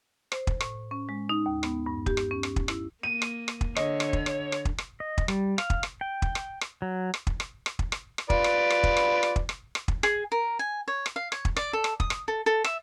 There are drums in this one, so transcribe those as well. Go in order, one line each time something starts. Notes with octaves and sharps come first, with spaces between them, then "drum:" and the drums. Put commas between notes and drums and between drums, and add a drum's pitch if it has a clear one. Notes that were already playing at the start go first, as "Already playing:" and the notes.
C5, drum: rim click
drum: kick
A2, drum: rim click
C#4
G#3
D#4
D#2
B3, drum: rim click
G2
G4, drum: kick
drum: rim click
C#4
drum: rim click
drum: kick
E4, drum: rim click
A#3 D#7
drum: rim click
drum: rim click
drum: kick
D3 C#5 D#5, drum: rim click
drum: rim click
drum: kick
drum: rim click
drum: rim click
drum: kick
drum: rim click
D#5
drum: kick
G3, drum: rim click
F5, drum: rim click
drum: kick
drum: rim click
G5
drum: kick
drum: rim click
drum: rim click
F#3
drum: rim click
drum: kick
drum: rim click
drum: rim click
drum: kick
drum: rim click
drum: rim click
F4 B4 D5, drum: kick
drum: rim click
drum: rim click
drum: kick
drum: rim click
drum: rim click
drum: kick
drum: rim click
drum: rim click
drum: kick
G#4, drum: rim click
A#4
G#5
C#5
drum: rim click
F5
C#5, drum: rim click
drum: kick
D5, drum: rim click
A4
drum: rim click
D#6, drum: kick
drum: rim click
A4
A4
E5, drum: rim click